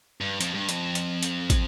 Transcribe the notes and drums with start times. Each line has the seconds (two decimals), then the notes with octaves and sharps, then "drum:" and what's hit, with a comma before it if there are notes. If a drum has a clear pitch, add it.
0.21 G2
0.41 F2, drum: hi-hat
0.54 G2
0.69 F2, drum: hi-hat
0.95 drum: hi-hat
1.23 drum: hi-hat
1.50 drum: kick, hi-hat